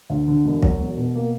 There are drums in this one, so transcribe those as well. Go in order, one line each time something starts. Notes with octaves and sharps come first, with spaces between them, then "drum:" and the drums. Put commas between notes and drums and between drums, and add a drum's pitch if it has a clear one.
D2
D3
E1
F#3, drum: kick
E1
B2
A#3